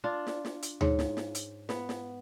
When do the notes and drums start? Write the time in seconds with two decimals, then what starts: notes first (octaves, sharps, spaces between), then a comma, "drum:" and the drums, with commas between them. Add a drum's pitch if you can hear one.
0.04 D4 F4
0.27 drum: snare
0.45 drum: snare
0.63 drum: hi-hat
0.81 G#2 C#5, drum: tom D2
0.99 drum: snare
1.17 drum: snare
1.35 drum: hi-hat
1.69 B3, drum: snare
1.89 drum: snare